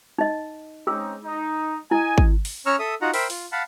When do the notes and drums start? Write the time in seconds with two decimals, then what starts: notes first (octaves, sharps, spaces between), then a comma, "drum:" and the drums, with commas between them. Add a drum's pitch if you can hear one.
0.18 D#4 D#5
0.87 C4 C#4 D#4 G#4 E6
1.24 D#4
1.91 E4 D#5 G#5
2.18 drum: kick G#1
2.45 drum: open hi-hat
2.66 C#4 C#5 A#5 C#6 E6 F6
2.79 A4 E5 D#6
3.02 D#4 F4 F#4 F#5 A#5
3.14 A#4 C5 E5 G5 B5, drum: open hi-hat
3.30 F4, drum: open hi-hat
3.52 F5 F#5 A5 B5